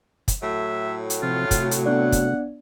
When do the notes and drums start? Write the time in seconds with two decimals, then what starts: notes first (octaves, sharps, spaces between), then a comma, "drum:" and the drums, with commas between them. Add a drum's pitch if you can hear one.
0.28 drum: kick, hi-hat
0.43 A2 F#3 E5
1.10 drum: hi-hat
1.22 C3 F3 C4 F4
1.51 C3 A3 F#4, drum: kick, hi-hat
1.71 drum: hi-hat
1.86 B3 D4 D5 F#5
2.12 drum: kick, hi-hat